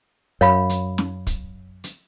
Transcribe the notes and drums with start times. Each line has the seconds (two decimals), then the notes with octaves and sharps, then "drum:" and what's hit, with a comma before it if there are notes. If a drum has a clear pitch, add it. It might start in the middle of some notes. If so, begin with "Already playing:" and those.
0.41 F#2 C#5 F5 B5
0.70 drum: hi-hat
0.98 drum: snare
1.27 drum: kick, hi-hat
1.84 drum: hi-hat